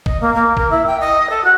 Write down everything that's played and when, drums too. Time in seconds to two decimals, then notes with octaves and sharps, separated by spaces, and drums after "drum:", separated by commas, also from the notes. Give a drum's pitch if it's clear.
0.06 D#5, drum: kick
0.20 A#3
0.34 A#3
0.57 A#4, drum: kick
0.70 E4
0.86 G5
1.00 D#5
1.30 A4
1.44 F#4